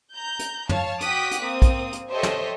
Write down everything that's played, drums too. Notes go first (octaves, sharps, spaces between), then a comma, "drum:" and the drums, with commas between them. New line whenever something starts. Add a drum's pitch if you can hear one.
A#5 G6
drum: hi-hat
C#5 F5 A5, drum: tom
F#4 G5 D6 D#6 F#6 B6, drum: hi-hat
drum: hi-hat
A#3 C4 D#6
drum: kick, hi-hat
drum: hi-hat
G4 A4 C5 C#5 D#5 E5
drum: snare